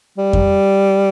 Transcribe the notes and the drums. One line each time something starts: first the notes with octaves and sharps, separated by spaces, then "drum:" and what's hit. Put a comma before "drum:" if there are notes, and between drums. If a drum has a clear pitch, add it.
G3
drum: kick F2